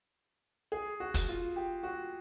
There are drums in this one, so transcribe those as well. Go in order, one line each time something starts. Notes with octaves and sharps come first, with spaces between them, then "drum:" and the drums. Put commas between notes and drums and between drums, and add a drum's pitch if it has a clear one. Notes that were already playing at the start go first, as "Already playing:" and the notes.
G#4
F#4
drum: kick, hi-hat
F4
G4
F#4